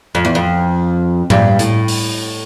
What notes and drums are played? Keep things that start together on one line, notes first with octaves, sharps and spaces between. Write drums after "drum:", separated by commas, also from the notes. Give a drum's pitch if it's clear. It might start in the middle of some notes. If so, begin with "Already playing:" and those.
F2
E2
F2
G2, drum: tom A2
A2, drum: hi-hat
drum: open hi-hat